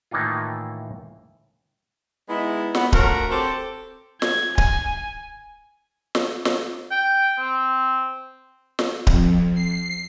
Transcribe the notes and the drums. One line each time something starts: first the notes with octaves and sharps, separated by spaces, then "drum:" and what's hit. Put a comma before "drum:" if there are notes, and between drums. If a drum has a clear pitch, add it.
A2 D#3 E3 A#3 D#4 F4
G#3 B3 D#4 E4
B3, drum: snare
D2 A3 C#4 F4 F#4 A#4, drum: kick D1
C4 G4 A4
G#6, drum: snare
G#5, drum: kick D1
drum: snare
drum: snare
G5
C4
drum: snare
F2, drum: kick D1
C7